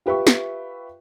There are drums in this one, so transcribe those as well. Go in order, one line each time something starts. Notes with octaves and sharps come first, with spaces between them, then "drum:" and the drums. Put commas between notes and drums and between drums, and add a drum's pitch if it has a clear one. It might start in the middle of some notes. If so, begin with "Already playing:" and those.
F4 G4 B4 E5 C#6
drum: snare